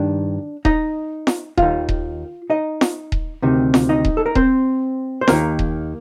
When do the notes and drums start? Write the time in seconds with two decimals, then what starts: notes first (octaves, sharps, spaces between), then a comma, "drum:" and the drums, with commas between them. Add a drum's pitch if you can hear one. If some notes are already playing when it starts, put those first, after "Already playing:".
Already playing: G2 D#3 D4
0.65 D#4 D#5, drum: kick D#1
1.27 drum: snare
1.57 D#2 D#3 F4 F5, drum: kick D#1
1.89 drum: kick D#1
2.50 D#4 D#5
2.81 drum: snare
3.12 drum: kick D#1
3.42 D2 C3 D#3
3.74 drum: snare
3.89 D#4 D#5
4.05 drum: kick D#1
4.17 A4
4.26 A#4
4.35 C4 C5, drum: kick D#1
5.21 C5
5.28 D#2 D#3 A#3 A#4, drum: snare
5.59 drum: kick D#1